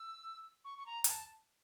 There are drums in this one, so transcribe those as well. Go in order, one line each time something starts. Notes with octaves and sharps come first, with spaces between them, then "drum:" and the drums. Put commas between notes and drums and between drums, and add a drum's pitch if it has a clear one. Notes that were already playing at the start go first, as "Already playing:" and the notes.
Already playing: E6
C#6
C#6
A#5
A#5, drum: hi-hat
A5